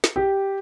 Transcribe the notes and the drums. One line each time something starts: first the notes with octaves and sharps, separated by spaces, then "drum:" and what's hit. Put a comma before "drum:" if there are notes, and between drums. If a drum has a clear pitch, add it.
drum: snare
G4